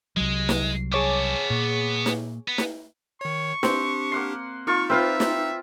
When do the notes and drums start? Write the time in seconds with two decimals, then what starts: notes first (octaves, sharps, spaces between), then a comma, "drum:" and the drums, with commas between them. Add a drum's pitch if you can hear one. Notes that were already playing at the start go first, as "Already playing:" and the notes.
0.17 C2 F#3 G#3
0.49 drum: snare
0.92 B3 G#4 C#5 A5 D6
1.50 A#2
2.06 drum: snare
2.48 B3
2.58 drum: snare
3.21 D#3 C#5 C#6
3.63 C4 D4 G4, drum: snare
4.12 A#3 F#5 C6
4.67 A#3 D#4 F4 C#6
4.90 C4 F4 B4 C5 E5 F5
5.20 drum: snare